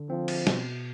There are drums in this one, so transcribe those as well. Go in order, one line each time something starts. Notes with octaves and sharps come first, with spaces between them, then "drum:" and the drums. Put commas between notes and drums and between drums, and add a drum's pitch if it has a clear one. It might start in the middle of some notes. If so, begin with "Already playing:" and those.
Already playing: D3
F3 C4
drum: cymbal
B2, drum: snare